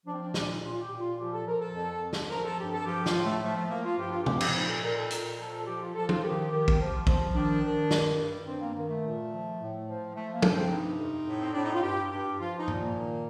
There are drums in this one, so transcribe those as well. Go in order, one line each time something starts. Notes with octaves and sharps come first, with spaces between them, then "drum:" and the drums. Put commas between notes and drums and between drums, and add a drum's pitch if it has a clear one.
F3 D4
C4
D4
A#2 D4, drum: snare
D#4
A#2 F4
F4
G4
A#2
F4
F3 G4
A4
F3 A#4
A4
F2
F2
drum: snare
F3 A#4
A4
G2 G4
A4
F3 G4
F4, drum: snare
A2
A3
F3 A3
A3
F3 A#3
F4
G2 G4
F4
G4
F3, drum: tom
drum: cymbal
A#2 D#4
A4
A#2 A#4
A4
A#2 A#4, drum: hi-hat
F3 A4
A4
F3 G4
F4
F3 A4
F4, drum: tom
D#3 G4
D#3
drum: kick A#1
F3
F3, drum: kick A#1
D#3 D4
D#3
G2, drum: snare
G2
G2 C4
A#3
D#3 A#3
A3
A#2
F3
A2
F3
F3 A3
A#3
G2, drum: tom
C4
C3 D#4
F2
A2
C4
A2 D4
D#4
F4
G2 G4
G2 G4
F3 F4
D#4
A#2, drum: tom G2
A#3
D#3